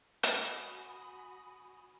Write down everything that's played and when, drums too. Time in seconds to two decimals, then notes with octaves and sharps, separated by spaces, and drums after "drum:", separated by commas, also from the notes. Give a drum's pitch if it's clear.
0.23 F#4 G#5 B5 D#6, drum: hi-hat